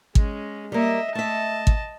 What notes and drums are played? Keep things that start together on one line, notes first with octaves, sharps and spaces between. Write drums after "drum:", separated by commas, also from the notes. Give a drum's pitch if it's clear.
G#3 C#4, drum: kick
G3 A#3 D#5 E5
A3 D#5 E5 A5
drum: kick